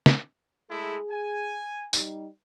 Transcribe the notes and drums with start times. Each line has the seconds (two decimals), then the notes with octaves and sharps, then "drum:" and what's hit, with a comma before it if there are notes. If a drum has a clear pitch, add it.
0.06 drum: snare
0.70 G#3 A3 E4 G#4
1.10 G#5
1.93 G3 D#4, drum: tambourine